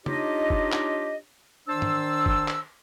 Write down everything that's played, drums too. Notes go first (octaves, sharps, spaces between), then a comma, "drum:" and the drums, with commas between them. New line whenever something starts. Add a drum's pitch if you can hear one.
D4 D#4 F4 G4 C#5 D#5, drum: tom
drum: kick
drum: clap
D#3 D4 C5 A5 C6 E6
drum: tom
drum: kick
drum: clap